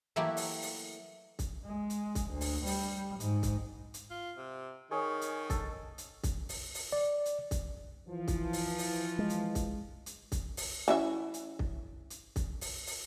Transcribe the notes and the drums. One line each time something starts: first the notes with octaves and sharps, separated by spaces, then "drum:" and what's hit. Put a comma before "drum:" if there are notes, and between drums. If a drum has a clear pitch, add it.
E3 F#3 A3 A#3 E4 G4
drum: open hi-hat
drum: open hi-hat
drum: kick, hi-hat
G#3
drum: hi-hat
drum: kick, hi-hat
D2
drum: open hi-hat
G3, drum: open hi-hat
G#2, drum: hi-hat
drum: kick, hi-hat
drum: hi-hat
F4
C3
D#3 G#4 C#5
drum: hi-hat
A4, drum: kick, hi-hat
drum: hi-hat
drum: kick, hi-hat
drum: open hi-hat
drum: open hi-hat
D5
drum: hi-hat
drum: kick, hi-hat
E3 F3
drum: kick, hi-hat
drum: open hi-hat
drum: open hi-hat
G#3
drum: hi-hat
drum: kick, hi-hat
drum: hi-hat
drum: kick, hi-hat
drum: open hi-hat
E3 C#4 E5
drum: hi-hat
drum: kick
drum: hi-hat
drum: kick, hi-hat
drum: open hi-hat
drum: open hi-hat